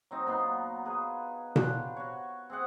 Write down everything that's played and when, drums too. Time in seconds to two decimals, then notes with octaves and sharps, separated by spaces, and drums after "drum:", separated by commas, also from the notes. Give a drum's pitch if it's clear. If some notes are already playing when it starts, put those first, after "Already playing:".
0.11 F#3 C4 D#4
0.27 A#2 B3 D#4 C6
0.85 F4 G#4 B4
1.56 D4 F4 G4 C#5, drum: tom B2
1.97 F#4 C#5
2.50 C4 G#4 F#5